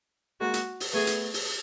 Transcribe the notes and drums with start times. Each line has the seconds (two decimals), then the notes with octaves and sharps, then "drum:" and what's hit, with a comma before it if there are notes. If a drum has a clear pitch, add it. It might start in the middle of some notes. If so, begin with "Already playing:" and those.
0.40 G#3 A#3 F#4
0.54 drum: hi-hat
0.80 drum: open hi-hat
0.93 A3 B3 G#4
1.07 drum: hi-hat
1.34 drum: open hi-hat